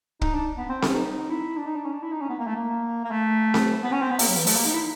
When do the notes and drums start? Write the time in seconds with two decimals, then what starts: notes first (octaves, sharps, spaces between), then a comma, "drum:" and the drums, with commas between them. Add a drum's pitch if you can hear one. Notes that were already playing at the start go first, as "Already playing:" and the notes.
0.22 D#4, drum: kick
0.34 D4
0.58 B3
0.69 C4
0.82 C#4, drum: snare C4
0.94 D#4
1.30 E4
1.57 D4
1.66 D#4
1.76 D4
1.85 C#4
1.93 D4
2.02 E4
2.12 D#4
2.21 C#4
2.29 B3
2.39 A#3
2.47 A3
2.56 A#3
3.04 A#3
3.11 A3
3.54 drum: snare C4
3.83 B3
3.92 C#4
4.02 C4
4.11 B3
4.19 A#3, drum: open hi-hat
4.28 F#3
4.37 E3
4.47 A3, drum: open hi-hat
4.56 A#3
4.65 D#4
4.74 E4